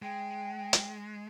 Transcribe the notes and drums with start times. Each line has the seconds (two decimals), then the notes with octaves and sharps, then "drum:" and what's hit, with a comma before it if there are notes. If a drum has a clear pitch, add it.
0.02 G#3 G5
0.73 drum: hi-hat